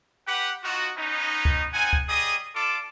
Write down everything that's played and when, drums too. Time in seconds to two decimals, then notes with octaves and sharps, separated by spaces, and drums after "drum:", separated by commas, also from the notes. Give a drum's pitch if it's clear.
0.28 G4 B4 F#5
0.64 D#4 F4 F#4
0.98 B3 C#4 D#4
1.45 drum: kick C#2
1.74 C4 D#4 F#5 G#5
1.93 drum: kick C#2
2.09 G3 G#4 D#5 D#6
2.56 F4 A4 D5 A5 D6